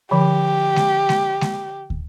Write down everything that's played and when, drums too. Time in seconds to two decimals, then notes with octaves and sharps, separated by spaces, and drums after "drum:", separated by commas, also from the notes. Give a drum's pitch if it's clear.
0.11 D3 F3 G4
0.76 drum: snare G#3
1.09 drum: snare G#3
1.41 drum: snare G#3
1.90 drum: kick